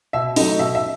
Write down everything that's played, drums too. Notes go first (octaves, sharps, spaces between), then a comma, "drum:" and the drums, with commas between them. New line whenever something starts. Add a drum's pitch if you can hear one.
B2 E5
F#3 A3 D#4 D#5, drum: open hi-hat
B2 E5
E5